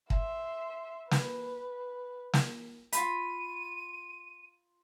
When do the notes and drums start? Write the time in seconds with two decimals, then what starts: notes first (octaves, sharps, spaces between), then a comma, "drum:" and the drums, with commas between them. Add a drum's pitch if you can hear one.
0.10 E5 C6, drum: kick
1.11 B4, drum: snare
2.33 drum: snare
2.93 F4 B5 D#7, drum: hi-hat